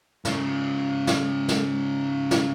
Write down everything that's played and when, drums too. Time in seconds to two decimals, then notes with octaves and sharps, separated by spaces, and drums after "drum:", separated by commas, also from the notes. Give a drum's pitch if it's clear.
0.25 G#2 C#3, drum: snare
1.07 drum: snare
1.48 drum: snare
2.31 drum: snare